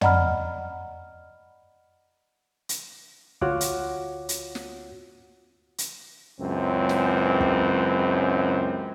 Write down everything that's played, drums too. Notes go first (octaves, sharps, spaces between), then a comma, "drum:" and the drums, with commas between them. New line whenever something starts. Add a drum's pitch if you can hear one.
D5 D#5 F#5 A#5 B5 F6, drum: tom
drum: hi-hat
D2 F4 F#4 C#5 F#5 D6, drum: kick
drum: hi-hat
drum: hi-hat
drum: snare
drum: hi-hat
C#2 F#2 E3 C4
drum: snare
drum: kick